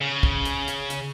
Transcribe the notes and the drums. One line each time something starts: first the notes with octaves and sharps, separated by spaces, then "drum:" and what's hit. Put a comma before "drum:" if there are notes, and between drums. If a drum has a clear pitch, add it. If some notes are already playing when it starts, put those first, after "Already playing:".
C#3
drum: kick
drum: hi-hat
drum: hi-hat
drum: hi-hat